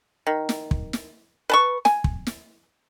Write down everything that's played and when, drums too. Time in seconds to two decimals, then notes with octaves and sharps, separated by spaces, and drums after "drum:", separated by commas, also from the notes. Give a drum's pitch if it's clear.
0.27 D#3
0.49 drum: snare
0.71 drum: kick
0.93 drum: snare
1.50 B4 A5 C#6
1.85 G#5, drum: snare
2.04 drum: kick
2.27 drum: snare